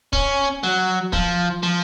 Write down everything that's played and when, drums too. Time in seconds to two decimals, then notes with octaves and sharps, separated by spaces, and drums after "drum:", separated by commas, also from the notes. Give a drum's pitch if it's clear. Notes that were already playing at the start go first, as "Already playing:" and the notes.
0.13 C#4, drum: kick C#1
0.63 F#3
1.13 F3, drum: kick C#1
1.63 F3